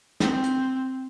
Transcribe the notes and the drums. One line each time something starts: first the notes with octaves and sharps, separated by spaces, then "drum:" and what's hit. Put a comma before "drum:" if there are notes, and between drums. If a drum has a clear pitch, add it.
C4, drum: snare
drum: hi-hat